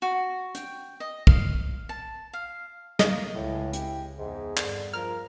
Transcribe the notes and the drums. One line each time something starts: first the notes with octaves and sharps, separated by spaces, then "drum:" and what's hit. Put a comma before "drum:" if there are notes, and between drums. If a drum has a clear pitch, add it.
F#4
G5, drum: hi-hat
D#5
F5, drum: kick
A5
F5
A#3 D#5, drum: snare
C#2 A2 G#3 E4
G4, drum: hi-hat
E2 G#2 G#4
G2 D3, drum: clap
F3 A#4 F6